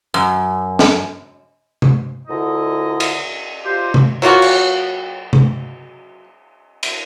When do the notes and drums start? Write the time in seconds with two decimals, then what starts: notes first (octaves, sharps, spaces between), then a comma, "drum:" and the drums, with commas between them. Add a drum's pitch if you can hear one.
0.14 F#2
0.79 drum: snare
1.82 drum: tom C3
2.27 D2 A#2 D3 E4 D#5
3.00 drum: cymbal
3.65 F4 G4 C5
3.94 drum: tom C3
4.22 F#3 A#3 F4 F#4
4.42 drum: cymbal
5.33 drum: tom C3
6.83 drum: cymbal